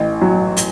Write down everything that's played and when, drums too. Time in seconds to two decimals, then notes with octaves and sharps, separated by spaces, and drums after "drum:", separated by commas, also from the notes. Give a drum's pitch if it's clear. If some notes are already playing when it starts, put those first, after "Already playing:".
Already playing: A1
0.21 F#3
0.57 drum: hi-hat